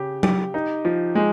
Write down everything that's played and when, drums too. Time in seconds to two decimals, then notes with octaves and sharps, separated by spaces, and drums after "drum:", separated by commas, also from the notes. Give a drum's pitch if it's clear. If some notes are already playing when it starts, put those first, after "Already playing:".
Already playing: C#3 G4
0.23 G4, drum: tom F#3
0.54 D#4
0.85 F3
1.15 G#3